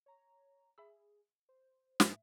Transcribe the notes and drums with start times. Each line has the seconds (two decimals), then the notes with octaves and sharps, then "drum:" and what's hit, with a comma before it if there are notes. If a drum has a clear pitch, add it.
0.06 C#5 A#5
0.78 G#4 E5 B5 E6
1.49 C5
2.00 A2 E5, drum: snare